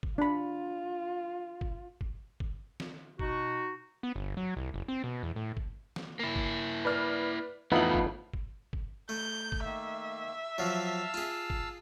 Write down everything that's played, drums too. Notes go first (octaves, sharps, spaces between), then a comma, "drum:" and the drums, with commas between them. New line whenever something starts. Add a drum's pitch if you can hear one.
drum: kick F#1
D4 F4 B5
drum: kick F#1
drum: kick F#1
drum: kick F#1
drum: snare
B2 D#4 F#4, drum: kick F#1
B3
G1
F#3
C2
F#1
C4
B2
E2
A2
drum: kick F#1
drum: snare
A#3 E4
drum: kick F#1
B4 D5 F6
F2 E3 A3 B3 D#4 E4 F5 F#7
drum: kick F#1
drum: kick F#1
drum: kick F#1
A3 G6
drum: kick F#1
D#3 A#3 E5
F3 F#3 F5 A5 E6
F4 G#4
drum: kick F#1